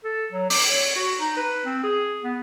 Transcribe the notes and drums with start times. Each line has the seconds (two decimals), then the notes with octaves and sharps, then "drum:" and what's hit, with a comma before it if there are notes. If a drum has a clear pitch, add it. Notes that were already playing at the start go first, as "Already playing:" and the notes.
0.05 A4
0.32 F#3
0.50 D6, drum: open hi-hat
0.70 C#5
0.96 F#4
1.18 D#4
1.37 B4
1.66 C4
1.83 G#4
2.24 B3